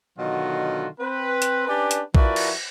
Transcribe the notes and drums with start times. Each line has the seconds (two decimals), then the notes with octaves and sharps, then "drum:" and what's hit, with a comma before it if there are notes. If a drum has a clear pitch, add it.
0.18 B2 D3 D#3 F#3 F4 F#4
0.99 C4 B4
1.42 drum: hi-hat
1.68 C#4 D4 G4 B4 D5
1.91 drum: hi-hat
2.15 F3 E4 F#4 A#4 B4 D5, drum: kick A#1
2.36 drum: cymbal